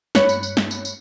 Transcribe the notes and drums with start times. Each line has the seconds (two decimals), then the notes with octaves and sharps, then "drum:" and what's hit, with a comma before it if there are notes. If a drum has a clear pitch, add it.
0.15 G2 C#5 B5 F#6 C#7, drum: snare
0.29 drum: tambourine
0.43 drum: tambourine
0.57 drum: snare
0.71 drum: tambourine
0.85 drum: tambourine